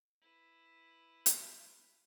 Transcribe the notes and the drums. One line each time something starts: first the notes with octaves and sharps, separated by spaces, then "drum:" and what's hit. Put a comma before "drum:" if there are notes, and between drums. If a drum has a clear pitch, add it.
E4 B4
drum: hi-hat